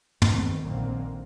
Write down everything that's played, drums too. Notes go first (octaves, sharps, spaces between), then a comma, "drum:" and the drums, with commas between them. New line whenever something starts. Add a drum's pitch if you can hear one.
F1 C2 F2 G#2 D#3 B3, drum: tom
A#1 F#2 D3 D#3 A#3 C4